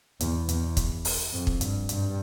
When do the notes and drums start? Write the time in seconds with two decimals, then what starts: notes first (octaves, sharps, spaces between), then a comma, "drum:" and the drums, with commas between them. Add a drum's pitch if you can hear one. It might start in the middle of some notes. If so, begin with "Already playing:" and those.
0.20 E2, drum: hi-hat
0.49 E2, drum: hi-hat
0.77 drum: kick, hi-hat
1.05 drum: open hi-hat
1.33 F2
1.47 drum: kick
1.61 G2, drum: hi-hat
1.89 G2, drum: hi-hat